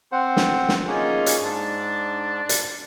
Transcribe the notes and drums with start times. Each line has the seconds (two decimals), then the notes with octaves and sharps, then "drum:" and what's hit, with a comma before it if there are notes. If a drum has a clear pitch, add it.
0.12 C4 C5 F#5
0.37 drum: snare
0.69 drum: snare
0.87 A#3 C#4 D#4 F4 G#4
1.26 drum: hi-hat
1.41 G#2 D4 A5
2.49 drum: hi-hat